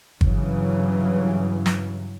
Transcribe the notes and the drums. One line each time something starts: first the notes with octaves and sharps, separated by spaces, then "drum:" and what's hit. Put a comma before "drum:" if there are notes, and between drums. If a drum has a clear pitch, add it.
G2 C#3 E3 F#3, drum: kick G1
drum: snare